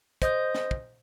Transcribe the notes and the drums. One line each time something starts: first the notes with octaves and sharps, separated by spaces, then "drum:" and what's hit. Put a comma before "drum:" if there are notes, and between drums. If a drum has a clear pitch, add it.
C5 D#5 D#6 G6, drum: kick, hi-hat
drum: snare
drum: kick